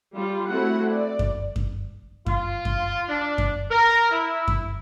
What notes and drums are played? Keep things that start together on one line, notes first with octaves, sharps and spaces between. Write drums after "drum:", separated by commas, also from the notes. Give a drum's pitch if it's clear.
G3 F4
A3 C4 E4 F#4 F#5
D5
drum: kick F#2
drum: kick F#2
F4, drum: kick F#2
drum: kick F#2
D4
drum: kick F#2
A#4
E4
drum: kick F#2